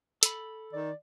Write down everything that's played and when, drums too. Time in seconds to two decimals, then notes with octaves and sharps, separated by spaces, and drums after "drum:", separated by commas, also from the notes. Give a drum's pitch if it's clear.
0.23 A4 B5, drum: hi-hat
0.73 D#3 D5